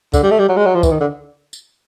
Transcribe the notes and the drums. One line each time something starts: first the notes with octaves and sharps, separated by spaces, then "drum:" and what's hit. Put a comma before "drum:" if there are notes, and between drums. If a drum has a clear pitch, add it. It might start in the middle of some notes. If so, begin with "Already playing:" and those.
D3, drum: kick, tambourine
G3
A3
G3
F#3
G#3
F#3
F3
E3, drum: kick, tambourine
D#3
D3
drum: tambourine